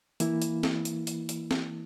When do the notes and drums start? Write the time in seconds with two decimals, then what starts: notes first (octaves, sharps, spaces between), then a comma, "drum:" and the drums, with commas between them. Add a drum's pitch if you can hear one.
0.20 E3 A#3 E4, drum: hi-hat
0.42 drum: hi-hat
0.63 drum: snare
0.85 drum: hi-hat
1.07 drum: hi-hat
1.29 drum: hi-hat
1.51 drum: snare